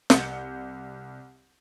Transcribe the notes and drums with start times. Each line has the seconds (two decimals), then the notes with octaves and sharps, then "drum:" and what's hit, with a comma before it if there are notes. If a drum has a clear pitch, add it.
0.10 C2 G6 C#7, drum: snare